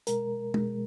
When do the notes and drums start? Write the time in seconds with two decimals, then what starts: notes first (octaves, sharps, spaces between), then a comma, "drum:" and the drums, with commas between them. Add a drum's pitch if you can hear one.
0.07 B2 G#3 A#4, drum: hi-hat
0.54 B2 G#3, drum: tom